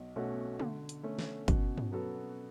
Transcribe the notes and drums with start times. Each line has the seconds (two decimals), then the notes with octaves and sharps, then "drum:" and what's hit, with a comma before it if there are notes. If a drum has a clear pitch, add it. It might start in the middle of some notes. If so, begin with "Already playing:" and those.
Already playing: B1
0.16 B2 A3 C#4 F#4
0.60 D3, drum: tom
0.89 drum: hi-hat
1.03 A3 C#4
1.19 drum: snare
1.48 B2 C#4, drum: kick, hi-hat
1.78 drum: tom
1.92 F#3 B3 F#4 A4